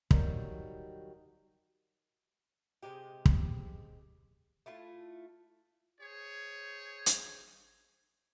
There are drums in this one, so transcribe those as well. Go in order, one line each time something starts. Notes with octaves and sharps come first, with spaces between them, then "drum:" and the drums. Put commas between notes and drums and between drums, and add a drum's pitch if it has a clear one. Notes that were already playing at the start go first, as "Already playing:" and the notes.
D#3 F#3 G3, drum: kick
C3 G#3 G4
drum: kick
A3 E4 F4 A5
G#4 C5 C#5
drum: hi-hat